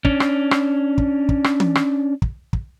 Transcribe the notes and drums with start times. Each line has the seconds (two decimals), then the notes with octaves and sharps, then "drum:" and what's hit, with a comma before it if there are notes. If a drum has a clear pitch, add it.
0.05 C#4 D4, drum: kick
0.20 drum: rim click
0.51 drum: rim click
0.98 drum: kick
1.29 drum: kick
1.44 drum: rim click
1.60 drum: tom E3
1.75 drum: rim click
2.22 drum: kick
2.53 drum: kick